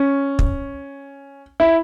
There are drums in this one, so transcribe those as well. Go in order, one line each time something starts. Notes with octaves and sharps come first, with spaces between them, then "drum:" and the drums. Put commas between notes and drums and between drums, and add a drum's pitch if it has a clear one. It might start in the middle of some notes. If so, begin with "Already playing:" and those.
Already playing: C#4
drum: kick
E4